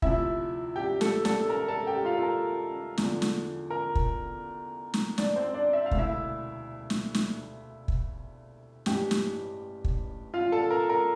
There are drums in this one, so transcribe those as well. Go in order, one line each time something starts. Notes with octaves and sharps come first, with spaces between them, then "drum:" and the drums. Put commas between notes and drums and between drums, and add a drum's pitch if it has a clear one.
D2 C3 F3 E4 E5, drum: kick
G4 G5
A4 A5, drum: snare
A4 A5, drum: snare
A#4 A#5
A4 A5
G4 G5
F4 F5
A4
A#4
E2 D3 F3, drum: snare
drum: snare
A#4
drum: kick
drum: snare
D4 D5, drum: snare
C4 C5
D4 D5
E5
F5
E1 D2 C3, drum: kick
E4 E5
drum: snare
drum: snare
drum: kick
A1 G2 E3 G4 G5, drum: snare
drum: snare
drum: kick
F4 F5
A4 A5
A#4
A#4